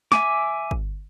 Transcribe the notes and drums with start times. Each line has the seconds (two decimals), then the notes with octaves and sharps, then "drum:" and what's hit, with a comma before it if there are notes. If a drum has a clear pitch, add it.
0.12 E5 G#5 D6, drum: snare
0.71 drum: kick G1